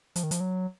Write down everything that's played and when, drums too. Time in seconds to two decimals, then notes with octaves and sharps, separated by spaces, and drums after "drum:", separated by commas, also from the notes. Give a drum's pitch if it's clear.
0.16 F3, drum: hi-hat
0.23 D#3
0.31 F3, drum: hi-hat
0.40 F#3